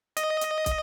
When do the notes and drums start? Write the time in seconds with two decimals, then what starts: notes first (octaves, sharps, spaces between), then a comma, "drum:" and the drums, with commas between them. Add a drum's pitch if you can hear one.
0.17 D#5, drum: hi-hat
0.41 drum: hi-hat
0.66 drum: kick, hi-hat